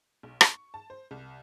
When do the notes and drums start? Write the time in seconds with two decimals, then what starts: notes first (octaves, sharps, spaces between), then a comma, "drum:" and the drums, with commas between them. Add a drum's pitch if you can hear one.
0.23 B1
0.41 C#6, drum: rim click
0.74 A5
0.90 C5
1.11 C2